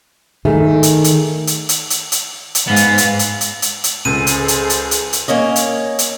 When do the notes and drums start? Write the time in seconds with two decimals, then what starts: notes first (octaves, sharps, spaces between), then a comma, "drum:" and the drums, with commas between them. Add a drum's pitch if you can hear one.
0.45 D#3 A3 G#4
0.83 drum: hi-hat
1.04 drum: hi-hat
1.47 drum: hi-hat
1.69 drum: hi-hat
1.90 drum: hi-hat
2.12 drum: hi-hat
2.55 drum: hi-hat
2.67 G#2 B3 F5 A#6
2.76 drum: hi-hat
2.98 drum: hi-hat
3.19 drum: hi-hat
3.41 drum: hi-hat
3.62 drum: hi-hat
3.84 drum: hi-hat
4.05 C#2 G#4 A4 C5 D#7
4.27 drum: hi-hat
4.48 drum: hi-hat
4.70 drum: hi-hat
4.91 drum: hi-hat
5.13 drum: hi-hat
5.28 A#3 C#4 C#5 D#5
5.56 drum: hi-hat
5.99 drum: hi-hat